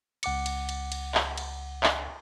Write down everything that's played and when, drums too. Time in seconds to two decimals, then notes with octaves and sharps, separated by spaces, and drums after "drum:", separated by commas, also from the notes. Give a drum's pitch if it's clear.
0.23 C#2 F#5 D6 C#7, drum: cymbal
0.46 drum: cymbal
0.69 drum: cymbal
0.92 drum: cymbal
1.15 drum: clap
1.37 drum: cymbal
1.83 drum: clap